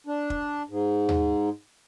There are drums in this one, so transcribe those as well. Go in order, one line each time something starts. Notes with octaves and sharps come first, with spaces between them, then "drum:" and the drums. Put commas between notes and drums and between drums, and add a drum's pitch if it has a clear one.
D4
drum: kick
G#2
drum: tom D#2